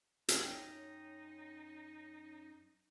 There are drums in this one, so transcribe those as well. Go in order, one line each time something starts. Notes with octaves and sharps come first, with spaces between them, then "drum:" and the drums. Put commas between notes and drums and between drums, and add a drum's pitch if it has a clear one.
F#2 C#4 D#4 G5, drum: hi-hat